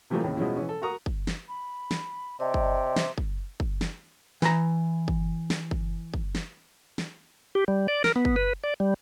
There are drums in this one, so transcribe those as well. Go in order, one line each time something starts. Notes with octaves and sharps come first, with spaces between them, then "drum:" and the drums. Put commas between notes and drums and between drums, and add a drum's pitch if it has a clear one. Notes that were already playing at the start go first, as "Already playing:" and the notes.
C3 E3 F3 G3 A3 A#3
D#2 A2 C#3
B2 F3 G#3 C#4 E4
E3 C#4
A4
F#4 A#4 F#5 A#5 C#6 D#6
drum: kick
drum: snare
B5
drum: snare
C3 D5 D#5 G5 A5
drum: kick
drum: snare
drum: kick
drum: kick
drum: snare
E3 A#5, drum: snare
drum: kick
drum: snare
drum: kick
drum: kick
drum: snare
drum: snare
G4
G3
D5
A#4, drum: snare
B3
drum: kick
B4
D5
G3